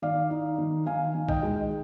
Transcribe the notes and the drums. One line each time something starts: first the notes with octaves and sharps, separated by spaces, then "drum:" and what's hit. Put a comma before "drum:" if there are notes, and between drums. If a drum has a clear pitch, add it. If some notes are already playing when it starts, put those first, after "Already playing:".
D#3 D5 F5
D#4
D#3
D#3 F5 G#5
D#3
D#5 G5, drum: kick B1
G#3